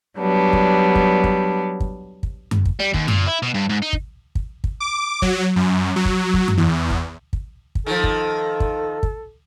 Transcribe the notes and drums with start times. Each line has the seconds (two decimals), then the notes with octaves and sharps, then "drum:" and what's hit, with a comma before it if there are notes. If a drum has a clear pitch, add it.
0.18 F#3 G3 B3 D4
0.53 drum: kick
0.95 drum: kick
1.24 drum: kick
1.80 drum: kick
2.23 drum: kick
2.51 drum: tom F#2
2.65 drum: kick
2.80 G3
2.94 D#2, drum: kick
3.08 A#2, drum: tom F#2
3.27 E4
3.43 B2
3.54 G2
3.69 G#2
3.82 D#4
3.93 drum: kick
4.35 drum: kick
4.64 drum: kick
4.80 D6
5.22 F#3, drum: kick
5.56 F#2
5.96 F#3
6.05 drum: kick
6.34 drum: kick
6.48 drum: tom F#2
6.57 E2
6.90 drum: kick
7.33 drum: kick
7.75 drum: kick
7.86 D#3 F3 A4
8.04 drum: kick
8.60 drum: kick
9.03 drum: kick